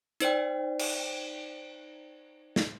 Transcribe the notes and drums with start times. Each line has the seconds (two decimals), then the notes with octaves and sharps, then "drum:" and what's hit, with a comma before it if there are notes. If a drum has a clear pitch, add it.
0.20 D#4 C5 D5 G5, drum: hi-hat
0.79 drum: cymbal
2.56 drum: snare